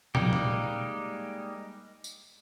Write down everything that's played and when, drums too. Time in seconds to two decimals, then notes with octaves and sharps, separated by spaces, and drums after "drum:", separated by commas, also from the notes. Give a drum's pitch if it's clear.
0.15 G3 G#3 A#3 D#4 G4, drum: tom
0.33 drum: tom A#2
2.04 drum: tambourine